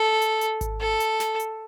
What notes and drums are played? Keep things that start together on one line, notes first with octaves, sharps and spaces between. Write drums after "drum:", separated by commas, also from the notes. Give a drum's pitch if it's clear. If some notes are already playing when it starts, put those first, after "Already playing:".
Already playing: A4
drum: hi-hat
drum: hi-hat
drum: kick G#1, hi-hat
A4
drum: hi-hat
drum: snare
drum: hi-hat